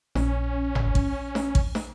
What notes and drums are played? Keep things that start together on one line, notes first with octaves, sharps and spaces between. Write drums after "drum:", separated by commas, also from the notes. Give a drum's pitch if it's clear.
A#1 C#4, drum: snare
drum: tom G1
drum: kick A1
drum: snare
drum: kick A1
drum: snare